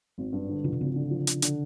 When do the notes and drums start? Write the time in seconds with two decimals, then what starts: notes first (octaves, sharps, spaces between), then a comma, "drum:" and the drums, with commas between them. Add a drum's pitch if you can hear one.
0.18 G#1
0.32 G2
0.49 D3
0.64 C#3 F3
0.72 C3
0.80 G#1 C#3
0.96 D3
1.11 F3
1.27 D3, drum: hi-hat
1.42 D3, drum: hi-hat